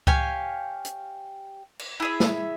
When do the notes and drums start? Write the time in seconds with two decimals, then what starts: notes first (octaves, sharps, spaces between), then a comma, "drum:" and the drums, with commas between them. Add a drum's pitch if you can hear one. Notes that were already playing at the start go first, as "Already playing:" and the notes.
0.07 G4 C#5 F5 G#5, drum: kick C#2
0.85 drum: hi-hat
1.79 drum: cymbal
2.00 E4 G#4 E5
2.20 drum: snare